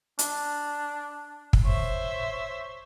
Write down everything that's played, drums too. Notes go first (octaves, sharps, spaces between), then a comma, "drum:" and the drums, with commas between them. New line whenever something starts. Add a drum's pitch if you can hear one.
D4, drum: hi-hat
drum: kick
C5 C#5 E5